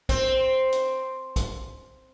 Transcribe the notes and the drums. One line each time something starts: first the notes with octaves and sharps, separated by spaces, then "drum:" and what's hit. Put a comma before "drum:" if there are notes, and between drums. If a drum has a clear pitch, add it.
C4, drum: kick, hi-hat
drum: hi-hat
drum: kick, hi-hat